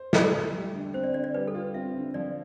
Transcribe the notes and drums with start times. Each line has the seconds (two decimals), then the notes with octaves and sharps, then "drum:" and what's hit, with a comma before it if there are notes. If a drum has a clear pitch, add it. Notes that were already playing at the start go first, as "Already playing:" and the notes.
Already playing: C5
0.13 A4, drum: snare
0.33 A3
0.53 G3
0.74 D3
0.94 C4 C5
1.04 D5
1.14 D3 D5
1.24 D5
1.34 G3 B4
1.47 A4
1.54 F4
1.61 B4
1.74 C4 E5
1.94 D3
2.14 F3 D5